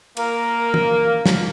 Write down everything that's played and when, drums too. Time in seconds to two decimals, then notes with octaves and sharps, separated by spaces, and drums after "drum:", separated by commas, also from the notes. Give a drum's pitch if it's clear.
0.17 A#3 A#4, drum: cymbal
0.74 drum: tom
1.26 drum: snare